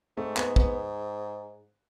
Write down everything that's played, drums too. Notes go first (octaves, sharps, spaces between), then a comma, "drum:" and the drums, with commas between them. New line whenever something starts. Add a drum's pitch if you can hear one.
G#2 A3
B3, drum: clap
B3, drum: kick